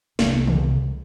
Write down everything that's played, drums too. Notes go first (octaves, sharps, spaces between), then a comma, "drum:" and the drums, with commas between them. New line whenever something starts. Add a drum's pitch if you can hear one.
C2 G#3, drum: snare
drum: tom